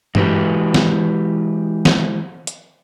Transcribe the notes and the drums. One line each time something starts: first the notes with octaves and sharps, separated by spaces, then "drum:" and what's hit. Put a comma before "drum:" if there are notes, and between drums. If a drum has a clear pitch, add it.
E3 G#3 F#4 G4 B4, drum: tom G2
drum: snare
drum: snare
drum: hi-hat